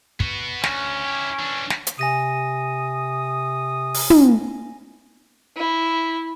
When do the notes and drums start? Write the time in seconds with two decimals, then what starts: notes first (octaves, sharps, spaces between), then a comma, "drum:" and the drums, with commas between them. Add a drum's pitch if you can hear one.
0.20 B3 F#4, drum: kick
0.64 D2 C#4, drum: snare
1.05 E4 G4
1.39 E3 D4
1.70 drum: snare
1.87 drum: hi-hat
1.99 C3 G#5 D#6 A#6 D#7
3.94 drum: open hi-hat
4.10 drum: tom
5.56 E4